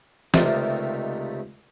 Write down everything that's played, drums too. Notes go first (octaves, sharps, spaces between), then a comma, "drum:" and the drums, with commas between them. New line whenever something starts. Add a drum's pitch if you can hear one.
C#2 C3 D#3 G3 A3 A#3, drum: snare